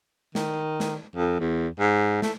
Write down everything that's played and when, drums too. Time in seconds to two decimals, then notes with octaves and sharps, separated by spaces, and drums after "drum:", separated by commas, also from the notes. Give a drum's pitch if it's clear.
0.35 D#3, drum: snare
0.80 drum: snare
1.16 F2
1.40 E2
1.79 G#2
2.22 A3, drum: snare